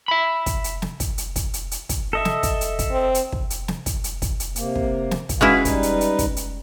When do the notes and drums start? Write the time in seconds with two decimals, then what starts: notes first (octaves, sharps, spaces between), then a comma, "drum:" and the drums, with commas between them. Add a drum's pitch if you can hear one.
0.08 E5 B5
0.46 drum: kick, hi-hat
0.64 drum: hi-hat
0.82 drum: snare
1.00 drum: kick, hi-hat
1.18 drum: hi-hat
1.36 drum: kick, hi-hat
1.54 drum: hi-hat
1.71 drum: hi-hat
1.89 drum: kick, hi-hat
2.13 A4 D#5 E5
2.25 drum: snare
2.43 drum: kick, hi-hat
2.61 drum: hi-hat
2.79 drum: kick, hi-hat
2.91 C4
3.15 drum: hi-hat
3.32 drum: kick
3.50 drum: hi-hat
3.68 drum: snare
3.86 drum: kick, hi-hat
4.04 drum: hi-hat
4.22 drum: kick, hi-hat
4.40 drum: hi-hat
4.56 C3 A#3, drum: hi-hat
4.76 drum: kick
5.11 drum: snare
5.29 drum: kick, hi-hat
5.41 G#3 C#4 E4 F#4 B4 F5
5.65 G3 D#4 B4, drum: kick, hi-hat
5.83 drum: hi-hat
6.01 drum: hi-hat
6.19 drum: kick, hi-hat
6.37 drum: hi-hat